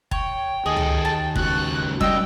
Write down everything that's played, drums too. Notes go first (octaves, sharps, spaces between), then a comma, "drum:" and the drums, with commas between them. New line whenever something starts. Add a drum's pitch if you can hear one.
C#5 G5, drum: kick
D#2 G#4 A4 D#5
drum: tom C#2
A5
C#2 F#4 F#6, drum: kick
C#2 G3 D#5 G5 E6, drum: kick